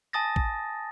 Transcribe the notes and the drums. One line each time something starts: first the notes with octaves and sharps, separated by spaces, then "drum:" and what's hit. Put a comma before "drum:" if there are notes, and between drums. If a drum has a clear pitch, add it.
G#5 A5 D#6 A6 A#6
drum: kick A1